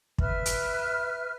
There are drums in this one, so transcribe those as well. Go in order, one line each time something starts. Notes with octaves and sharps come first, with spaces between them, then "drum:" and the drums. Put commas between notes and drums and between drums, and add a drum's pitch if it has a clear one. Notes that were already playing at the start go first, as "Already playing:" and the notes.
B4 E5 F6, drum: kick
drum: hi-hat